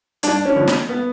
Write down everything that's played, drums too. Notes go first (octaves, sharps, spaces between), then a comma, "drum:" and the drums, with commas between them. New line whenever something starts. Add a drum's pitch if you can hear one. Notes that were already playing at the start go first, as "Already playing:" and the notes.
G2 D4, drum: hi-hat
C#4
D3 F3
drum: snare
B3